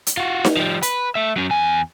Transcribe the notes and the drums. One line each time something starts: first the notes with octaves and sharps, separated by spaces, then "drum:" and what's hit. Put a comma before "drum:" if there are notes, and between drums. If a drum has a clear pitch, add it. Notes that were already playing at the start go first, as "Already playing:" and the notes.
drum: hi-hat
F4 F#4
drum: snare D#4
F3 G3
B4, drum: hi-hat
A3 E5
F#3 C#4
E2 G#5